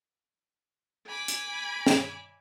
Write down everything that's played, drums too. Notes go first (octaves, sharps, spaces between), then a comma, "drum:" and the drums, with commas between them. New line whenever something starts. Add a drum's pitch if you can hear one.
G#5 B5 D6
drum: hi-hat
drum: snare